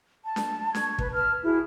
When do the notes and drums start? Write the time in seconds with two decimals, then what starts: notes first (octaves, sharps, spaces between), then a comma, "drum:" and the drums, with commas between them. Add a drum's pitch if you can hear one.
0.24 A5
0.36 drum: snare D4
0.75 A5 C#6 G#6, drum: snare D4
0.99 B4, drum: kick
1.14 B4 A5 F6
1.43 E4 F#4 G#4